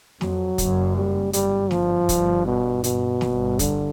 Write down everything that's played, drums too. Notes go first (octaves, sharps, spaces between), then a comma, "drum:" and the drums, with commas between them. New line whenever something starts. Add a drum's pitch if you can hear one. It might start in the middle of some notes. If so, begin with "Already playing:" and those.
F2 F#3, drum: snare
F#1 F#2, drum: kick, hi-hat
G3
G1 G2 G3, drum: hi-hat
G1 G2 F3, drum: snare
G1 G2, drum: kick, hi-hat
B2
B2, drum: hi-hat
G1 G2, drum: snare
D3, drum: kick, hi-hat